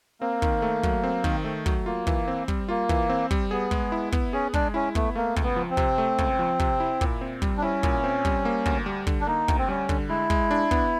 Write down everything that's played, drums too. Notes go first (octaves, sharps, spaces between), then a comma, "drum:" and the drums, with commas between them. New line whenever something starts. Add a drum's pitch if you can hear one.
A#3 C4
D#3, drum: kick
A3
F#3, drum: kick
C4
D#3, drum: kick
A3
F#3, drum: kick
A#3 F4
E3, drum: kick
C4
G3, drum: kick
A#3 F4
E3, drum: kick
C4
G3, drum: kick
B3 G#4
G#3, drum: kick
E4
B3, drum: kick
C#4 G#4
G#3 D4, drum: kick
C#4 E4
A3 B3, drum: kick
A3 A#3
C#2, drum: kick
B3
F3
C4
C3, drum: kick
A3
C#2, drum: kick
F3
C3, drum: kick
E4
A#2, drum: kick
C4
G3, drum: kick
D4
C#4 E4
A#2, drum: kick
C4
G3, drum: kick
A#3
D2, drum: kick
G3
D3, drum: kick
D4
A#3 D#4
D2, drum: kick
C4
G3 C#4
D3, drum: kick
G#3 E4
G#3, drum: kick
D4
B3, drum: kick